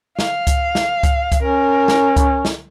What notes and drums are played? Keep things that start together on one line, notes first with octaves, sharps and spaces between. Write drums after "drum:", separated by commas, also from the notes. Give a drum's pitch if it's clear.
F5, drum: snare
drum: kick C#2, hi-hat
drum: snare
drum: kick C#2, hi-hat
drum: kick C#2, hi-hat
C#4 A#4
drum: snare
drum: kick C#2, hi-hat
drum: snare